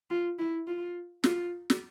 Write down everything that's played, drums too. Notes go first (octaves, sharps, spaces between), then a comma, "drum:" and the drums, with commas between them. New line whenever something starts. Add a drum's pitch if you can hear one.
F4
E4
F4
F4, drum: snare
drum: snare